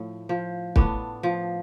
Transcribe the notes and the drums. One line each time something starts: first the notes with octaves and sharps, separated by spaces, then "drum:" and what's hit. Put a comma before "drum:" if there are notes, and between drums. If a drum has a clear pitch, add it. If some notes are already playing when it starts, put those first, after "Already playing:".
Already playing: A2 F3
F3
A2 B3 D4, drum: kick
F3